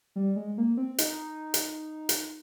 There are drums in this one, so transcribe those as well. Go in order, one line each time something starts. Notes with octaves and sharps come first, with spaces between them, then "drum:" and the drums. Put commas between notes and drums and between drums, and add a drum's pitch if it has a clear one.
G3
G#3
A#3
C4
D#4, drum: hi-hat
drum: hi-hat
drum: hi-hat